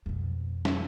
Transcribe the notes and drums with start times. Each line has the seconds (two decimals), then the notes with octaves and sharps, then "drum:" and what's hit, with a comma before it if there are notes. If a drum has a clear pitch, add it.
0.06 F2 B2
0.65 drum: snare